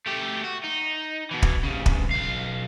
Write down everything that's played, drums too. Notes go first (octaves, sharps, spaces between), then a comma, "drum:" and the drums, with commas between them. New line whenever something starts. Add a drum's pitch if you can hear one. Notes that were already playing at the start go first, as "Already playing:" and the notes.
A3 G4
F#4
D#4
B2 E3
drum: kick
G2 C#3
drum: kick
B1 F5